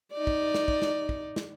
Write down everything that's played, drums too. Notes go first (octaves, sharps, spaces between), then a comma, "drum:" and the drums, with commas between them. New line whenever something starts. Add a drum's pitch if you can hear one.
D#4 D5
drum: kick
drum: snare
drum: kick
drum: snare
drum: kick
drum: snare